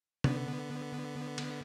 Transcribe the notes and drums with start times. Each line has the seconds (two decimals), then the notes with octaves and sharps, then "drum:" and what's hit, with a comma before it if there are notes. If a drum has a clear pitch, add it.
0.24 D3 B3, drum: tom
1.38 drum: cymbal